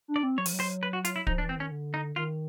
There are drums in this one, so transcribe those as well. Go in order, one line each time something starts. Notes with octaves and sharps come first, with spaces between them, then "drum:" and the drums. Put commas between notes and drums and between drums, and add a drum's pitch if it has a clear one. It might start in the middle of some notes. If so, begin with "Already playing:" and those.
D4
D5
C4
F#3 C#5
F3, drum: open hi-hat
F#3
C5
B4
F#4
F4, drum: hi-hat
E4
F3 D#4, drum: kick
D4
E3
C4
D#3 C#4
D3
D#4
D#3 F4